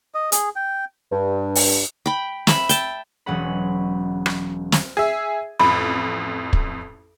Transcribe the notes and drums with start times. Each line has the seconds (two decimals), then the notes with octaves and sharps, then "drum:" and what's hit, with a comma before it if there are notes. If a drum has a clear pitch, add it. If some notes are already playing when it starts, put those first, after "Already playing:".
0.14 D#5
0.32 G#4, drum: hi-hat
0.56 G5
1.12 G2
1.55 drum: open hi-hat
2.06 G5 B5
2.47 E5 B5, drum: snare
2.69 G5 A5, drum: hi-hat
3.26 E1 F#3 G#3 C#4 F#5 B5
4.26 drum: rim click
4.72 drum: snare
4.97 G#4 E5
5.60 A1 F2 B5
6.53 drum: kick